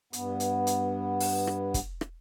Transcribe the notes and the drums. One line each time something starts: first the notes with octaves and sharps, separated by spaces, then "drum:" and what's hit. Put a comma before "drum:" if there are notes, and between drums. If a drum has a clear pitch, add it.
G2 B3, drum: hi-hat
drum: hi-hat
drum: hi-hat
drum: open hi-hat
drum: rim click
drum: kick, hi-hat
drum: rim click